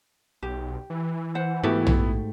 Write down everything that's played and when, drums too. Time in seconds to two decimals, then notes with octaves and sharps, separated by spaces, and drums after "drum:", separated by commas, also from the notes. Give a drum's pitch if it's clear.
0.43 B1 G4
0.90 E3
1.35 C5 F#5
1.63 G#2 A3 B3 E4 F#4 G4
1.87 drum: tom A#1